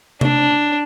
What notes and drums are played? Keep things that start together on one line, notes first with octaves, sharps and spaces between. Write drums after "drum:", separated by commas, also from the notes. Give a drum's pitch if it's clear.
D4, drum: tom C3